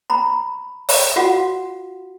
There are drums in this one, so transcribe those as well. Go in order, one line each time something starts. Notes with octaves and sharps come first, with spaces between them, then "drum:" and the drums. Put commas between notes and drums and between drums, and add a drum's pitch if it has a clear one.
A#5 B5
drum: open hi-hat
F4 F#4 F5 F#5